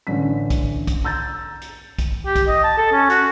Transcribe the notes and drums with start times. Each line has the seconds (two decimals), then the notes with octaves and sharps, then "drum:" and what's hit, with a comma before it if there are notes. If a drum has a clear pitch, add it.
0.07 A1 D3 C#4 B6
0.50 drum: kick, hi-hat
0.87 drum: kick, hi-hat
1.04 A#5 E6 G6 A6
1.61 drum: hi-hat
1.99 drum: kick, hi-hat
2.26 G4
2.36 drum: kick, hi-hat
2.47 D#5
2.64 A5
2.77 A4
2.92 C#4
3.10 F#4, drum: hi-hat